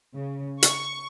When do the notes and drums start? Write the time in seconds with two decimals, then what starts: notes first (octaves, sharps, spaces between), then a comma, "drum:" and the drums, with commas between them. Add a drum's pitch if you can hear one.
0.16 C#3
0.63 C#6, drum: hi-hat